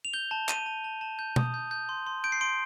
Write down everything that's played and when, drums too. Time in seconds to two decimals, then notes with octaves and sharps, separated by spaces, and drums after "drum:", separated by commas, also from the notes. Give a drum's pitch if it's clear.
0.05 F7
0.13 G6 G7
0.31 A5
0.49 A5 D#7, drum: clap
0.66 A5
0.84 A5
1.01 A5
1.19 G6
1.36 D#6, drum: tom
1.54 G6
1.71 G6
1.89 C6
2.06 C6
2.24 G6 D7
2.32 C7
2.41 C6 D7